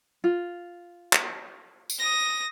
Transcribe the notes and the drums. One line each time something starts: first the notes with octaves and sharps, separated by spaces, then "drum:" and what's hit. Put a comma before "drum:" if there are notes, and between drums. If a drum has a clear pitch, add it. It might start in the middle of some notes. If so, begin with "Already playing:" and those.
F4
drum: clap
drum: tambourine
D#6 A#6